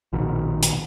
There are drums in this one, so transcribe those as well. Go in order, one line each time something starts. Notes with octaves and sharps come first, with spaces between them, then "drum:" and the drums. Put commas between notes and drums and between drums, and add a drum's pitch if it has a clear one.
A#1 B2 D#3
drum: hi-hat